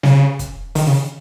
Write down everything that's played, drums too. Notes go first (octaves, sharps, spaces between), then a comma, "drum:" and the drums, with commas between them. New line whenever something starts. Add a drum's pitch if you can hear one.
C#3, drum: snare
drum: kick, hi-hat
D#3, drum: open hi-hat
C#3